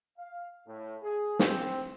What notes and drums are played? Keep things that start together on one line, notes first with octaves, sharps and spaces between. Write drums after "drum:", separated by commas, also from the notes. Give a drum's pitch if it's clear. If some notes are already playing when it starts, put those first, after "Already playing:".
F5
A2
G#4
C4, drum: snare